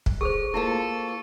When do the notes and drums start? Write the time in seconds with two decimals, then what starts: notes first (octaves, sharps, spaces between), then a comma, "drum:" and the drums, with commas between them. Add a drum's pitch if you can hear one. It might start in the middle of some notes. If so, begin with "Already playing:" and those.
0.06 drum: kick
0.21 G#4 A4 C5 C#6
0.54 A#3 E4 F4 A4 C5 F5